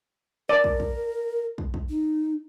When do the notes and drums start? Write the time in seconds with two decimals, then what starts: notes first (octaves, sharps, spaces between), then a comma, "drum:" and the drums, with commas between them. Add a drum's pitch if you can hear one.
0.49 A#4 D5
0.64 drum: kick
0.80 drum: kick
1.58 drum: kick
1.74 drum: kick
1.90 D#4